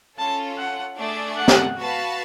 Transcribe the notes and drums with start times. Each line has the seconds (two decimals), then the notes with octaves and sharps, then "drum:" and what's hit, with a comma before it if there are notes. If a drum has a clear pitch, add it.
0.18 C#4 F4 A4 A5
0.58 F#5
0.98 A3 D4 G#4 D5
1.37 F#5
1.48 drum: snare
1.78 F#4 B4 F5 A5